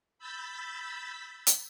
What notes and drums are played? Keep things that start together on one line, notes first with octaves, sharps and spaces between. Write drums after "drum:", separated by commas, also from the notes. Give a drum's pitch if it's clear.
B5 E6 G6 A6 B6
drum: hi-hat